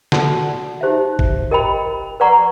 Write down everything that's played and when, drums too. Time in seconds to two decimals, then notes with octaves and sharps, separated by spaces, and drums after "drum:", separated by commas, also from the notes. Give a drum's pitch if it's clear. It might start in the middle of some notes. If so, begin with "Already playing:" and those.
0.12 F#4 A4 D5 F#5 A5, drum: snare
0.81 D#4 G4 C5 E5
1.19 drum: kick
1.51 G4 A#4 D#5 G5 B5
2.20 B4 D5 F#5 A#5 C#6